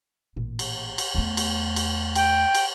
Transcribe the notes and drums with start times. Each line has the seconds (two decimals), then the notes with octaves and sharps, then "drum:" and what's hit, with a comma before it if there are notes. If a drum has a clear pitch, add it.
0.36 A1 A#2
0.59 drum: cymbal
0.98 drum: cymbal
1.15 E2 A3
1.37 drum: cymbal
1.76 drum: cymbal
2.15 G5, drum: cymbal
2.55 drum: cymbal